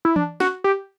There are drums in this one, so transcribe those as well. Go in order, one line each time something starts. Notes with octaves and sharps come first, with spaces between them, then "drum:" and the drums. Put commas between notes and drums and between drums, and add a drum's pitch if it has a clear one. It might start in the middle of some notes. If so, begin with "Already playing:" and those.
E4
D4, drum: tom E3
F#4, drum: snare
G4